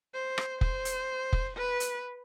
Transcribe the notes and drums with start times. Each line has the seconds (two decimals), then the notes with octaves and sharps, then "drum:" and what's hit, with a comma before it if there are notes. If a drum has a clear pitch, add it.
0.14 C5
0.38 drum: rim click
0.61 C5, drum: kick F1
0.85 drum: hi-hat
1.33 drum: kick F1
1.56 B4
1.80 drum: hi-hat